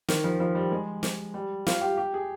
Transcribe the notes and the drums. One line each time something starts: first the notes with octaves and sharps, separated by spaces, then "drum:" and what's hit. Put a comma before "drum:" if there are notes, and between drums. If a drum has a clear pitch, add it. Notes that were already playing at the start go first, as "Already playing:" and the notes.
D#3, drum: snare
F3
F3
G3
G#3
drum: snare
G3
F4, drum: snare
G4
G4
G#4